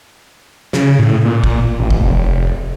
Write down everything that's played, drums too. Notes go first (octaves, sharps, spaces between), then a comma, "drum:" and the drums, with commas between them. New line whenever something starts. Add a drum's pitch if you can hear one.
C#3, drum: snare
A2
A#2
drum: kick
A1
drum: kick
F1